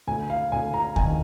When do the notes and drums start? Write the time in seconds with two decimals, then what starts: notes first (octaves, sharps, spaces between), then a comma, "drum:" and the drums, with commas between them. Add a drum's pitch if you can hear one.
0.07 D2 G#5
0.30 F5
0.52 D2 G#5
0.74 A#5
0.96 D#3 G#5, drum: kick D#2